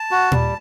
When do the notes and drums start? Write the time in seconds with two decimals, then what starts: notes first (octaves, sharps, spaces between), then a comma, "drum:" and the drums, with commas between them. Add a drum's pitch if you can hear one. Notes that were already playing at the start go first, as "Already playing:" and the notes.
Already playing: A5
0.11 F#4
0.32 G3, drum: tom A#2